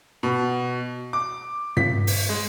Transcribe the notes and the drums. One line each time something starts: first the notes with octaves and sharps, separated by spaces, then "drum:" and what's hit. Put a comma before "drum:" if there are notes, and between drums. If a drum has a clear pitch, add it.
B2
D6
B6, drum: tom
drum: open hi-hat
G#3